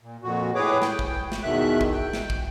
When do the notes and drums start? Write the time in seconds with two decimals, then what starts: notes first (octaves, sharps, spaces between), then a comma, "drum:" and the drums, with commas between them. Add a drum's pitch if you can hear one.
0.01 A#2
0.23 F2 A#2 F#4
0.55 A2 G#4 B4 C#5 D6
0.82 G5, drum: snare
0.99 drum: kick
1.32 drum: snare
1.43 E2 B2 D#3 E5 F#6
1.81 drum: kick
1.92 G5
2.13 drum: snare
2.30 drum: kick